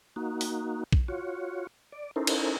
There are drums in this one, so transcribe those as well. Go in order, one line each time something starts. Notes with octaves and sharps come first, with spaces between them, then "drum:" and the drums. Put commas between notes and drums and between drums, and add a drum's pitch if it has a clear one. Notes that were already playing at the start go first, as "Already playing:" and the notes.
A#3 D#4 F#4
drum: open hi-hat
drum: kick
F4 F#4 C#5
D5
C#4 D#4 E4 A4 A#4 C5
drum: cymbal